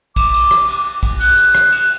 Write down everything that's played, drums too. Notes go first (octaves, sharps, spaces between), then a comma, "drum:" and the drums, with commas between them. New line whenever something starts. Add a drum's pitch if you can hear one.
D6, drum: kick, cymbal
drum: cymbal
drum: rim click
drum: cymbal
drum: kick, cymbal
F#6, drum: cymbal
drum: cymbal
drum: rim click
drum: cymbal